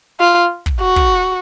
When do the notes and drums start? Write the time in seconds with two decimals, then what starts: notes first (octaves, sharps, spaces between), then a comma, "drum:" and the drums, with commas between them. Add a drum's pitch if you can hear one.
0.20 F4
0.66 drum: kick
0.81 F#4
0.96 drum: kick